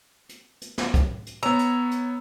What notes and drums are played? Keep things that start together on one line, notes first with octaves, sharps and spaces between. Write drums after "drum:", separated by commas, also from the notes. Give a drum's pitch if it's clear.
drum: hi-hat
drum: hi-hat
drum: snare
drum: kick, hi-hat
drum: hi-hat
B3 C#5 A#5 E6
drum: hi-hat
drum: hi-hat